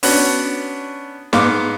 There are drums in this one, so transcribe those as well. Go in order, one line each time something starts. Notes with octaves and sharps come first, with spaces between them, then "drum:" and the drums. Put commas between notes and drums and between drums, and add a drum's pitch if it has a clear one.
B3 C#4 D4 F#4, drum: open hi-hat
G#2 B3 F5 D6, drum: snare